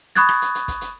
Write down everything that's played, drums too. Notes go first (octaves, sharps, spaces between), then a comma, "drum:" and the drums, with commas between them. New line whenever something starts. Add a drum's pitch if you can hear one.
B5 C#6 D#6 F#6 G#6 A6, drum: hi-hat
drum: rim click
drum: hi-hat
drum: hi-hat
drum: kick, hi-hat
drum: hi-hat